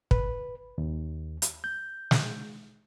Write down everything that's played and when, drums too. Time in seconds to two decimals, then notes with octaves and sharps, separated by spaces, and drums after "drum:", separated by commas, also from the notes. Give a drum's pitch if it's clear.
0.11 B4, drum: kick
0.78 D#2
1.42 drum: hi-hat
1.64 G6
2.11 drum: snare